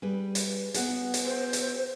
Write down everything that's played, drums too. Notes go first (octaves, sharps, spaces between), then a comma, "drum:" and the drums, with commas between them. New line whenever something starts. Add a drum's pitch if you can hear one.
G3 G#4 B4
drum: hi-hat
B3 F#4 G#4, drum: hi-hat
drum: hi-hat
C5
drum: hi-hat